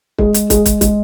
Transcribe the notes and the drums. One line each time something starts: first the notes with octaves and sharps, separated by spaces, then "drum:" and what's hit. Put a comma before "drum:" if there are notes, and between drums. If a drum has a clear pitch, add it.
G#3 G#4, drum: kick
drum: hi-hat
G#3 G#4, drum: kick, hi-hat
drum: kick, hi-hat
G#3, drum: kick, hi-hat